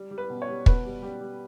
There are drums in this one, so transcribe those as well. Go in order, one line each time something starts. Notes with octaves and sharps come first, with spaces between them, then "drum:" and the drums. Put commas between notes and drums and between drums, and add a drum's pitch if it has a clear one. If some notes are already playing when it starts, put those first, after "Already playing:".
Already playing: G3
G3
B4
B2
C#5
G3
B2 B4, drum: kick
G3
G3 G4
G3